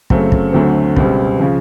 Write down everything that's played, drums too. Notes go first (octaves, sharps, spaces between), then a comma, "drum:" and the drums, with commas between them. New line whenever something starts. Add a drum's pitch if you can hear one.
F#2 C#3 F#3 A3 C4, drum: kick
drum: kick
D2 D3 F#3 A3 C4
C#2 B2 G3 C4, drum: kick
C#3 F3